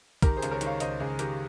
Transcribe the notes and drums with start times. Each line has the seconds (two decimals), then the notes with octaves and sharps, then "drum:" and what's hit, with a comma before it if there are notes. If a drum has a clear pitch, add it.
0.22 D#3 G4 A#4, drum: kick, hi-hat
0.37 G#4 C5
0.42 C#2, drum: hi-hat
0.51 A#4 C#5
0.61 D#3, drum: hi-hat
0.66 C#5 F5
0.80 C#2 C5 D#5, drum: hi-hat
1.00 C#2 G#4
1.19 D#3 G4 A#4, drum: hi-hat